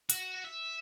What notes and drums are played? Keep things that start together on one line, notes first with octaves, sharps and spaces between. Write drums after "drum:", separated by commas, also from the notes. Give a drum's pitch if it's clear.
F#4, drum: hi-hat
E5